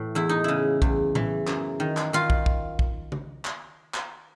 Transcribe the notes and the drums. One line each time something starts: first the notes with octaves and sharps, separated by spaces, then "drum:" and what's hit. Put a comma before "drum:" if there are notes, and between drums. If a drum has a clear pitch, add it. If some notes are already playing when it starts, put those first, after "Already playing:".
Already playing: A2 E3
E2 E4
D#4
C#3 E4
E2, drum: kick
E3, drum: tom A2
F#2, drum: clap
D#3
drum: clap
D#3 F4
drum: kick
drum: kick
drum: kick
drum: tom C#3
drum: clap
drum: clap